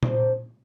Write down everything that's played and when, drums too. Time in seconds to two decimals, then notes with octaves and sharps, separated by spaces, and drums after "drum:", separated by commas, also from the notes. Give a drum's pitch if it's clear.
0.03 C4 D4, drum: tom A#2